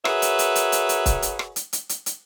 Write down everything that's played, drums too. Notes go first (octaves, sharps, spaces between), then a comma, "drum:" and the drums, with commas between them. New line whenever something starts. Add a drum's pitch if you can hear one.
F#4 G#4 A#4 B4 C#5 E5, drum: rim click
drum: hi-hat
drum: hi-hat
drum: hi-hat
drum: hi-hat
drum: hi-hat
drum: kick C#1, hi-hat
drum: hi-hat
drum: rim click
drum: hi-hat
drum: hi-hat
drum: hi-hat
drum: hi-hat